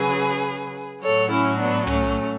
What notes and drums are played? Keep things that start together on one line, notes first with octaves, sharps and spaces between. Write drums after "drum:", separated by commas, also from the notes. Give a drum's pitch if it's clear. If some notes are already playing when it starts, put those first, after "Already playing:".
Already playing: C#3 F#3 G#4 B4
drum: hi-hat
drum: hi-hat
drum: hi-hat
A2 F#3 A4 C#5
C#4 E4
drum: hi-hat
B3 D4
A3 C#4, drum: tom
drum: hi-hat